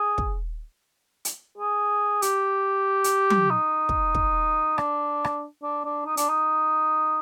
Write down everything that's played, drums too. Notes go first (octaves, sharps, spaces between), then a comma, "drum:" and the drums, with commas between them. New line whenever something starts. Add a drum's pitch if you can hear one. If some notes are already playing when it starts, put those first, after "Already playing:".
Already playing: G#4
drum: kick
drum: hi-hat
G#4
G4, drum: hi-hat
drum: hi-hat
drum: tom F#3
D#4
drum: kick
drum: kick
D4, drum: rim click
drum: rim click
D4
D4
D#4
D4, drum: hi-hat
D#4